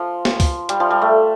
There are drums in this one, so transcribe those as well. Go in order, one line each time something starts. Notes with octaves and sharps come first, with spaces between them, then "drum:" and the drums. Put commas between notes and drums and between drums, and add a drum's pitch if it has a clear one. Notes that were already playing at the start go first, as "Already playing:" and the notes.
Already playing: F3
drum: snare
drum: kick C#2, open hi-hat
G3, drum: hi-hat
F3
G3
A3